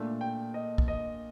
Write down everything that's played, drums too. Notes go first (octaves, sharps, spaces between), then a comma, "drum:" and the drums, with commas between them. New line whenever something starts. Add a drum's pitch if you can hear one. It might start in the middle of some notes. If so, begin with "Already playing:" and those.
Already playing: A#2 A3 D4
G5
D#5
drum: kick
D#5